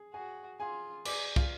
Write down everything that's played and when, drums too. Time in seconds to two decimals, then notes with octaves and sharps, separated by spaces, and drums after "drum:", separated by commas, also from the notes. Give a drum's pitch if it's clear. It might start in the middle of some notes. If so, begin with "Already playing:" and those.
Already playing: G#4
0.14 F#4 G#4 G#5
0.60 F4 G#4 G#5
1.05 G#4 D5 D6, drum: cymbal
1.36 F4 F5, drum: kick